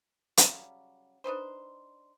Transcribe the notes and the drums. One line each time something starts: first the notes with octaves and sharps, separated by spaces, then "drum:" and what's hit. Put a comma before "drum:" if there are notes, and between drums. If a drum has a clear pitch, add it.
C#3 F#3 G3, drum: hi-hat
D4 D#4 B4 C5